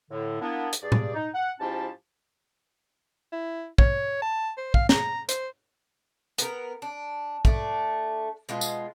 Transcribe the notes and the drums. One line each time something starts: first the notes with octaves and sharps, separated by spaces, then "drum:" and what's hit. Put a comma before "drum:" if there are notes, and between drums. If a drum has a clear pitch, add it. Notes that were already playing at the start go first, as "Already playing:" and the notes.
A2 D3
A#3 B3 D4 E4
drum: hi-hat
G2 G#4 D5
drum: tom A2
D#4
F#5
G#2 F3 C#4 E4 G4 A5
E4
C#5, drum: kick
A5
C5
F5, drum: kick
A#5, drum: snare
C5, drum: hi-hat
B3 A#4, drum: hi-hat
D4
A3 D4 D5, drum: kick
B2 G#3 F4
drum: tambourine